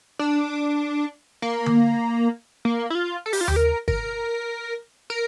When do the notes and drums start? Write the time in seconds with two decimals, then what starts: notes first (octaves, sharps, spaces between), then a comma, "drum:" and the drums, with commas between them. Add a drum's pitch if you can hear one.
0.19 D4
1.42 A#3
1.66 drum: tom D3
2.65 A#3
2.90 E4
2.95 F4
3.26 A4
3.33 G4, drum: open hi-hat
3.41 F4
3.48 G4, drum: tom D#2
3.56 A#4
3.88 A#4, drum: kick
5.10 A#4